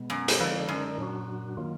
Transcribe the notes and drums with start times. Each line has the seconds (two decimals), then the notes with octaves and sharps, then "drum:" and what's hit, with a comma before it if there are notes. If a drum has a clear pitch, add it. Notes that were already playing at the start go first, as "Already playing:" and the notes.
Already playing: B2 G#3 B3
0.10 F#2
0.28 drum: hi-hat
0.39 F2 D3 G#3 D#4 A#4 D5
0.68 F#2
0.98 A#2 F#3 D4 F#4
1.57 D#3 F#3 A#3 F4